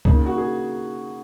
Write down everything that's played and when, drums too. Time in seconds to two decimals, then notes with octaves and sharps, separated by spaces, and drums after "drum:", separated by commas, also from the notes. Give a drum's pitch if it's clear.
0.05 C#3 A#3 D#4, drum: kick C#2
0.26 F#4
0.37 G#4